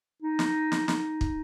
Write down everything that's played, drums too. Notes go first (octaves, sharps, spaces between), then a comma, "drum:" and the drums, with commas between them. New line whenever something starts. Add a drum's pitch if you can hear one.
D#4
drum: snare
drum: snare
D#4, drum: snare
drum: kick